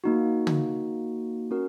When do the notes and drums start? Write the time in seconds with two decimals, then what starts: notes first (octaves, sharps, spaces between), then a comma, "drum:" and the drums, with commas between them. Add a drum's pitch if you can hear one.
0.04 A#3 D#4 F#4
0.47 drum: tom
1.51 C#4 F#4 A#4